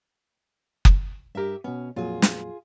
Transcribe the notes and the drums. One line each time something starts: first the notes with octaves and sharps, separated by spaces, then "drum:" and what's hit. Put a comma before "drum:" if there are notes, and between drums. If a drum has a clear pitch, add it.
drum: kick F#1
G2 G4 A#4 E5
B2 B3 C#4
F2 A#2 F#3 F4 G#4
drum: snare